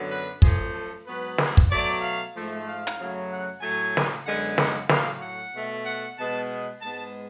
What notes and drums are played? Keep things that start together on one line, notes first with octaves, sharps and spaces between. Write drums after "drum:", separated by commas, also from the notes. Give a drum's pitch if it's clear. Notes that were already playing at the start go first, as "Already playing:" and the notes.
Already playing: F#2 D3 F#3 B3
B4
F#2 F3 A3 G#4, drum: kick
A4
G#2 F#3 B3 B4
G#4, drum: snare
drum: kick
B2 F#3 A3 D5
F5
G#2 F3 A3
F5
drum: hi-hat
F#2 C#3 F#3 A3
F#5
A2 F#3 A3 G#5
drum: snare
F#2 D3 G#3 B3 F#5
F#5, drum: snare
A2 F#3 A3 F5, drum: snare
F#5
B2 A3
F#5
B2 G#3 B3 A5
G#2 G#3 B3 A5